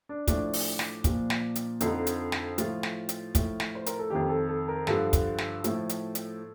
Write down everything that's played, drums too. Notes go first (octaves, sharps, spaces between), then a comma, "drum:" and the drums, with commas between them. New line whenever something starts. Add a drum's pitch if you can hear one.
D4
A2 F3 D4, drum: kick, hi-hat
drum: open hi-hat
drum: snare
A#2 F3, drum: kick, hi-hat
drum: snare
drum: hi-hat
F2 D3 F3 D#4, drum: hi-hat
drum: hi-hat
drum: snare
A2 F3 F4, drum: hi-hat
drum: snare
drum: hi-hat
A2 F3, drum: kick, hi-hat
drum: snare
C5
A#4, drum: hi-hat
A4
F2 D#3 G4
A4
A4
A#4
G2 D3 F3 A4, drum: snare
drum: kick, hi-hat
drum: snare
A2 F3, drum: hi-hat
drum: hi-hat
drum: hi-hat